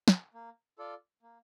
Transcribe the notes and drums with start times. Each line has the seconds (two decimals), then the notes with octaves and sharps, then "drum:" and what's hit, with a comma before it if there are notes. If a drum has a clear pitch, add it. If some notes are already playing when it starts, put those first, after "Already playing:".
0.08 drum: snare
0.34 A#3
0.78 F4 A4 D5
1.23 A#3